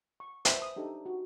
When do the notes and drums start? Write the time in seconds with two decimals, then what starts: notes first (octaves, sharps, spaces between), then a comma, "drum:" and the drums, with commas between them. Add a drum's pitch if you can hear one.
0.20 C#6
0.45 B4 C5 E5 A5 B5, drum: hi-hat
0.62 D#6
0.76 D4 D#4 G4 A4
1.06 F#4